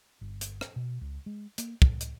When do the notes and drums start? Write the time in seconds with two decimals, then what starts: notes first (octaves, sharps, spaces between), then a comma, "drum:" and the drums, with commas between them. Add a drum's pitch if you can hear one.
0.21 G1
0.41 drum: hi-hat
0.61 drum: rim click
0.76 B2
1.01 C#2
1.26 G#3
1.58 A#3, drum: hi-hat
1.82 C#2, drum: kick
2.01 drum: hi-hat